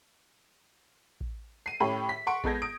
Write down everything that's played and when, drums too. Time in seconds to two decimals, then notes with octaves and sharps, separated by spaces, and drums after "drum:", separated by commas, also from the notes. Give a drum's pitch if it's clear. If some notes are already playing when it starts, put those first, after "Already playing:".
1.21 drum: kick A1
1.66 C7 D#7
1.80 A2 C#4 G4 B5
2.09 B6
2.27 F#5 C6 C#6 D7
2.44 G#3 B3 A4 G6 G#6 A#6, drum: kick A1
2.62 D#6 D7